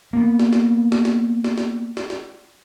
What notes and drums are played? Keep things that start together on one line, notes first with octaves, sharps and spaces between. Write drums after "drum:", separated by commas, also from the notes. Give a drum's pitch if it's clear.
A#3 B3
drum: snare
drum: snare
drum: snare
drum: snare
drum: snare
drum: snare
drum: snare
drum: snare